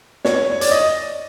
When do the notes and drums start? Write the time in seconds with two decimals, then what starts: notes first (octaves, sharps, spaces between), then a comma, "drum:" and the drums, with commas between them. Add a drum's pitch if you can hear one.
0.25 C#5, drum: snare
0.51 C#5
0.61 D5, drum: hi-hat
0.71 D#5